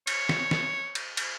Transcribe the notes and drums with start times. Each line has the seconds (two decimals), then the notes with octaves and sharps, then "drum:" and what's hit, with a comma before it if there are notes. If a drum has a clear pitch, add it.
0.07 C#5, drum: cymbal
0.29 drum: snare
0.51 drum: snare
0.95 drum: cymbal
1.17 drum: cymbal